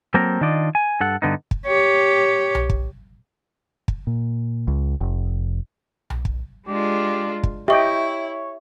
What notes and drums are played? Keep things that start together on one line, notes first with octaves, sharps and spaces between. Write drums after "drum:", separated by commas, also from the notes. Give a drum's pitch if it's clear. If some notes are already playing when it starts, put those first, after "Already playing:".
F#3 A#3 C4 A4 A#4
D#3 D4 F4 D5 D#5
G#5
G2 A4 F#5
G2 D3 B3 D#4
drum: kick
G4 C#5
drum: tom B1
drum: kick
drum: kick
A#2
C#2
F1
drum: tom B1
drum: kick
G#3 D4 F4 G4
drum: kick
E4 G4 C#5 D#5 E5 G5 C#6